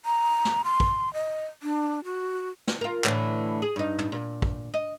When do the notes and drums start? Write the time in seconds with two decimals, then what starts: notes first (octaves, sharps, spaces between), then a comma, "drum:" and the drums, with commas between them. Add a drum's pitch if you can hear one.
0.05 A#5
0.45 drum: snare
0.64 C6
0.80 drum: kick
1.14 D#5
1.63 D4
2.04 F#4
2.67 drum: snare
2.81 F4 A#4
3.04 A2 D3 E3, drum: clap
3.62 G#4
3.76 G2 D#4
3.98 drum: tom
4.12 A#2
4.42 drum: kick
4.74 D#5